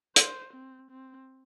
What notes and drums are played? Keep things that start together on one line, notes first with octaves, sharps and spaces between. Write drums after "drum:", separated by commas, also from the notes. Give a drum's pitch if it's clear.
C5, drum: hi-hat
C4
C4